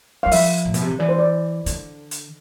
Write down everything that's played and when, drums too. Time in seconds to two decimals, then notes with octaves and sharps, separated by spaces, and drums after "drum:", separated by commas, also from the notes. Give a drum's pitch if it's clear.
0.23 G3 F5
0.31 F3 E5, drum: open hi-hat
0.65 A2
0.74 B2, drum: hi-hat
0.82 C3
0.90 D3
0.99 E3 D5
1.09 C5
1.18 D5
1.66 D3, drum: hi-hat
2.11 drum: hi-hat